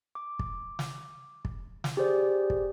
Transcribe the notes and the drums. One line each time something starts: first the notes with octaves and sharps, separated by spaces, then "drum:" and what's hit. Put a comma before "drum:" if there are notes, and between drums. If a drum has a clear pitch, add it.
D6
drum: kick
drum: snare
drum: kick
drum: snare
G4 G#4 C5 D5
drum: kick